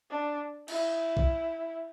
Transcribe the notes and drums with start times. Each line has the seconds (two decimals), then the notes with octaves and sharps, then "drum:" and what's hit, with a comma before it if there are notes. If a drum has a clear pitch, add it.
0.10 D4
0.68 E4, drum: cymbal
1.17 drum: kick B1